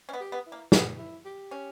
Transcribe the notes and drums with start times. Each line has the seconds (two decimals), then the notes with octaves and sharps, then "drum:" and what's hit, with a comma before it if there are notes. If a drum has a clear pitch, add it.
0.09 C#4
0.13 B3
0.20 G4
0.32 B3
0.46 E4
0.52 A#3
0.72 B3 D#4, drum: snare
0.99 E4
1.25 G4
1.51 C#4